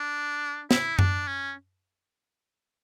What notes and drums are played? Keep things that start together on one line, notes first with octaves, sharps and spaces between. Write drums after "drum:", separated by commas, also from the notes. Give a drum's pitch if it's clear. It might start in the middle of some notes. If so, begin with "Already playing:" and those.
Already playing: D4
E4, drum: snare
D4, drum: tom F#2
C#4